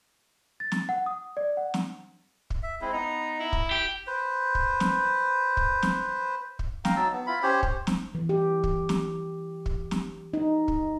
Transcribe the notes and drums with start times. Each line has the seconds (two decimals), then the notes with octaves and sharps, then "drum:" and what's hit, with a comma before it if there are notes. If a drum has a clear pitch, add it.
0.60 A6
0.72 drum: snare
0.89 F#5
1.06 D#6
1.37 D5
1.57 F#5
1.74 drum: snare
2.50 drum: kick
2.63 E5
2.81 G#3 C4 E4
2.93 B3 D#4 A#5
3.40 E4
3.53 drum: kick
3.71 G4
4.07 B4 C5
4.55 drum: kick
4.80 drum: snare
5.57 drum: kick
5.82 drum: snare
6.59 drum: kick
6.85 F5 G5 A#5, drum: snare
6.96 F#3 D#4 A5 E6
7.12 B3
7.27 E4 F4 B5
7.43 C#4 G4 C5 C#5
7.63 C5, drum: kick
7.87 drum: snare
8.15 E3
8.29 G4
8.64 drum: kick
8.89 drum: snare
9.66 drum: kick
9.91 drum: snare
10.34 D#4
10.68 drum: kick